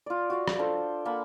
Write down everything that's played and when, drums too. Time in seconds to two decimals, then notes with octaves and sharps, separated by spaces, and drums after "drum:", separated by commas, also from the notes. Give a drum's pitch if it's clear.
0.06 F4 D5
0.30 F#4 D5 F5
0.48 drum: rim click
0.59 D4 F4 A4 C5
1.05 A#3 F#5 A5 B5